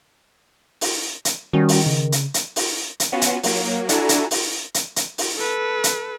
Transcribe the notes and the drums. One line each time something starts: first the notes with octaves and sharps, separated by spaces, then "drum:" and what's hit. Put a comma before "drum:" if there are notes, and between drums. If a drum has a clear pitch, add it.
drum: open hi-hat
drum: hi-hat
D#3 G3 C#4 F#4
drum: open hi-hat
C#3
drum: hi-hat
drum: hi-hat
drum: open hi-hat
drum: hi-hat
B3 C#4 F4 F#4
drum: hi-hat
F#3 A#3, drum: open hi-hat
D4 E4 F#4 A4 G#5 A#5, drum: hi-hat
drum: hi-hat
drum: open hi-hat
drum: hi-hat
drum: hi-hat
drum: open hi-hat
A4 B4
drum: hi-hat